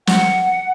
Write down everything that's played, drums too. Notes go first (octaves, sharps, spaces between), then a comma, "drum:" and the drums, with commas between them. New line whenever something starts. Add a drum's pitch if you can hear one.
F#5, drum: snare